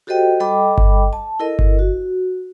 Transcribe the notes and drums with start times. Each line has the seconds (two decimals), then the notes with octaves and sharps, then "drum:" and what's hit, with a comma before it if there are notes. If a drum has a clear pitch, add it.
0.07 F#4 G4 A4 C5 D#5 G5
0.40 G3 A4 D#5 G5 B5 D6
0.78 drum: kick G1
1.13 A5
1.40 E4 A4 A#4 D#5
1.59 drum: kick G1
1.79 F#4